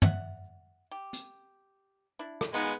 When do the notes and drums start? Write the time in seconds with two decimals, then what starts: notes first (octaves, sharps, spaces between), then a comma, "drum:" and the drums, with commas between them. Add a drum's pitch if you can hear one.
0.02 E5 F#5, drum: tom
0.91 G4
1.13 drum: hi-hat
2.19 D4 E4
2.41 drum: rim click
2.54 B2 G#3 B3 D#4 F4